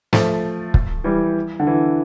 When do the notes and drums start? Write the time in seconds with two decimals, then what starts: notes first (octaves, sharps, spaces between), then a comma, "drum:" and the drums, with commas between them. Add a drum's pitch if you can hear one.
0.13 F3 A3, drum: snare
0.74 drum: kick
1.04 E3 G3
1.60 D3
1.67 E3